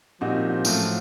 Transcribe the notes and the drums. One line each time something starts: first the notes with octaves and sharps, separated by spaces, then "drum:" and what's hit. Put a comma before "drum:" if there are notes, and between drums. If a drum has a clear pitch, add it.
A#2 F3 G3 C4 D#4 F#4
A2 F#3 A3 C#4 F4, drum: tambourine